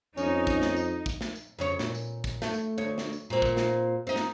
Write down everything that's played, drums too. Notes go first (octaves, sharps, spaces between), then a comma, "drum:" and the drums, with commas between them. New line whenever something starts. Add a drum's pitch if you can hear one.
F2 C#4 D#4, drum: tambourine
drum: kick, tambourine
drum: snare
drum: tambourine
drum: kick, tambourine
drum: snare
drum: tambourine
F2 C#3 C#5
A#2, drum: snare
drum: tambourine
drum: kick, tambourine
A3, drum: snare
drum: tambourine
D2 C#5
drum: snare
drum: tambourine
A#2 C4
drum: kick
drum: snare
C4 D#4
drum: snare